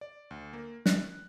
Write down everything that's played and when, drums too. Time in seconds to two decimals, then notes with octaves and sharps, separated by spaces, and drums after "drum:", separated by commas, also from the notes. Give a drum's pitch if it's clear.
0.01 D5
0.31 D2
0.53 A#3
0.86 F#6, drum: snare